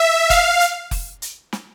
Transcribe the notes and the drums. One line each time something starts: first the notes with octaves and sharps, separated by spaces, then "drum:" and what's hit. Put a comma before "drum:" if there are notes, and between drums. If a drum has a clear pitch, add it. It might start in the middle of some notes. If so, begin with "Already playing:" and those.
Already playing: E5
F5, drum: kick F1, hi-hat
drum: hi-hat
drum: kick F1, open hi-hat
drum: hi-hat
drum: snare